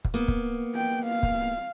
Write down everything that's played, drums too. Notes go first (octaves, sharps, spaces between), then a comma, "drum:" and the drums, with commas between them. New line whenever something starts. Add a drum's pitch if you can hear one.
drum: kick
A#3 B3
drum: kick
G5
F5
drum: kick